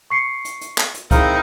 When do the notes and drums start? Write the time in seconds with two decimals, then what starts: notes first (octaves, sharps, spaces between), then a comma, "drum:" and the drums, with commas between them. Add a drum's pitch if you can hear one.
0.10 C#6 C7 C#7
0.45 drum: hi-hat
0.61 drum: hi-hat
0.78 drum: clap
0.94 drum: hi-hat
1.11 C4 D#4 E4 G#4 A#4 F5, drum: kick C#2, hi-hat